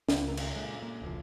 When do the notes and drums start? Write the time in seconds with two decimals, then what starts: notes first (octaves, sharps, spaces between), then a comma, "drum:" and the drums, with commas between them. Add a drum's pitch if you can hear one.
0.09 C#2 C#3 D4 F4 B4, drum: snare
0.28 D#3 A3 A#4
0.37 drum: cymbal
0.56 F#2 A#2 D3 G#3
0.82 A#3
1.02 E1 C#2 F3